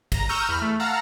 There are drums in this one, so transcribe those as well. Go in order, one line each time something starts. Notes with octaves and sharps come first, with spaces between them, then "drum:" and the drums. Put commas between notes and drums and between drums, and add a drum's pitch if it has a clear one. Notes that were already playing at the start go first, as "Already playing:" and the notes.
A#5 A#6, drum: kick, cymbal
A#5 C#6 E6 F6 G6 D#7
E2 B5 F6
A3
F5 F#5 A5 A#5 E6 F6